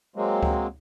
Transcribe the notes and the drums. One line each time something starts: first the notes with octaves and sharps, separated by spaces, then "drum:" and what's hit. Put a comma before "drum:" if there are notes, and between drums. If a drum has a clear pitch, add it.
F#3 G#3 A#3 C4
drum: kick C#2